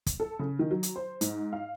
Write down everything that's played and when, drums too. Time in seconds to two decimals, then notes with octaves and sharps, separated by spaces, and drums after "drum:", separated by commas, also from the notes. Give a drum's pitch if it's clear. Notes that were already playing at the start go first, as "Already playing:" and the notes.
0.07 drum: kick, hi-hat
0.20 A4
0.39 C#3
0.59 D#3
0.71 F#3
0.83 drum: hi-hat
0.96 C5
1.21 G#2, drum: hi-hat
1.53 F5